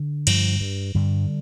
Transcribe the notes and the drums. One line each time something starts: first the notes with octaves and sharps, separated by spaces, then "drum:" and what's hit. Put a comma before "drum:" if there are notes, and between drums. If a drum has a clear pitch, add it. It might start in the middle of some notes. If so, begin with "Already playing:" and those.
Already playing: D3
G2 F3, drum: cymbal
G2
G2 D3 G3